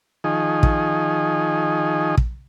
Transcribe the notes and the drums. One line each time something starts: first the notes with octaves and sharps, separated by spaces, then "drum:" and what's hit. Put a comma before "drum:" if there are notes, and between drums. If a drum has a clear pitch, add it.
D#3 F3 D#4 G#4
drum: kick
drum: kick